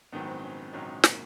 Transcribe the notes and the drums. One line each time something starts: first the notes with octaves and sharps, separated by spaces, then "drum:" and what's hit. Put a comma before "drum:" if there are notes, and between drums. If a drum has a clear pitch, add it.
A#1 G#2 D#3 F#3 B3
C4
C#4
C4
A#1 G#2 D#3 F#3 C#4
C4
A#3, drum: snare